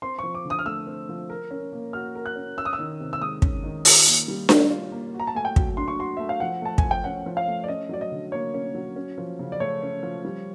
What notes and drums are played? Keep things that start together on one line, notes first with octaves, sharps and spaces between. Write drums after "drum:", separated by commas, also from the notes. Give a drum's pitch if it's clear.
C4 C6
F3 C#6
D6
D3
D#6
F6
A3 E6
C4
F3
A#4
C#4
A#3
F#4 F6
A#4
F#6
C#4
C#4 E6
D#6
E6
D#3
C3
E6
G#3 D#6
C#4, drum: kick
D#3
F4, drum: open hi-hat
A#3
G3
C#4, drum: snare D4
F4
A#3
F#4
A#5
A5
A3 G#5
G5
F#3, drum: kick
D4 C6
C#6
F#4 C6
A3 E5
F5
F3 F#5
A3 A5
G#5, drum: kick
F3
G5
C#4 F#5
F3
F5
A3
D5
C#4 D#5
F#3 D5
D#5
D3
A#3 C#5
C#4
F#3
C#4
F3
C#3
D5
A3 C#5
C#4
F3
G3